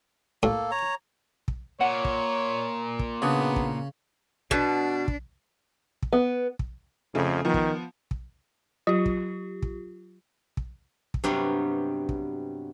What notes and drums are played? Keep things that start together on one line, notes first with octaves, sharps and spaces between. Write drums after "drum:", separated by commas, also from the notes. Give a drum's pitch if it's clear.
A2 A#3 A4
C#5 A#5
drum: kick
A#2 C#5 F#5
drum: kick
drum: kick
C#3 B3 D4 F#4 G#4
drum: kick
B2 D4, drum: kick
drum: kick
drum: kick
B3
drum: kick
F2 C#3 A3
D#3 F3 B3
drum: kick
drum: kick
F#3 F4 G4
drum: kick
drum: kick
drum: kick
drum: kick
G2 C3 F#3 G3 B3
drum: kick